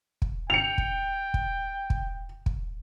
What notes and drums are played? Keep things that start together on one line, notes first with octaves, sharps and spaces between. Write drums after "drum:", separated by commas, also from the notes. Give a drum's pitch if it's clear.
drum: kick
G5 C#7 F7
drum: kick
drum: kick
drum: kick
drum: kick